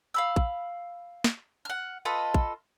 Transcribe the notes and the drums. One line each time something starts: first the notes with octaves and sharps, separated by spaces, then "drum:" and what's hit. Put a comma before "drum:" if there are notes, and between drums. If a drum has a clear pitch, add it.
F5 B5 E6
drum: kick
drum: snare
F#5 F6
F4 A4 B4 D#5
drum: kick